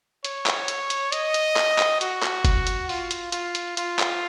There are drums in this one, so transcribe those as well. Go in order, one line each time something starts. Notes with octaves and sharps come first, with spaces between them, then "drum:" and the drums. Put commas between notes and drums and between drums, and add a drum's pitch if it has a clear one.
C#5, drum: hi-hat
drum: clap
drum: hi-hat
drum: hi-hat
D#5, drum: hi-hat
drum: hi-hat
drum: clap
drum: clap
F#4, drum: hi-hat
drum: clap
drum: kick F#1, hi-hat
drum: hi-hat
F4, drum: open hi-hat
drum: hi-hat
F4, drum: hi-hat
drum: hi-hat
F4, drum: hi-hat
drum: clap